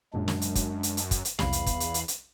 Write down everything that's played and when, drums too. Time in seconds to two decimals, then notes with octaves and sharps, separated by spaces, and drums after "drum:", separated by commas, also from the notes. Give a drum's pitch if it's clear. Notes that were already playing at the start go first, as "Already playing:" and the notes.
0.14 G#1 F#2 A#2 C#3 G#3 D4
0.28 drum: snare
0.42 drum: hi-hat
0.55 drum: kick, hi-hat
0.83 drum: hi-hat
0.97 drum: hi-hat
1.11 drum: kick, hi-hat
1.25 drum: hi-hat
1.39 B1 E2 C3 G3 F5 B5, drum: snare
1.53 drum: hi-hat
1.66 drum: kick, hi-hat
1.80 drum: hi-hat
1.94 drum: hi-hat
2.08 drum: hi-hat